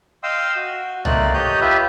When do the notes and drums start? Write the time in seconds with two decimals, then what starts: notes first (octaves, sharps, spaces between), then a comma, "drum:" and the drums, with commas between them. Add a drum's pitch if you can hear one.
0.23 D#5 F5 G5 C6 D#6 E6
0.56 F#4
1.05 A3 A#3 C4 D#4 D5 F#6, drum: tom C2
1.34 G4 C#5 D#5 D#6 G6
1.61 F4 G4 B4 E5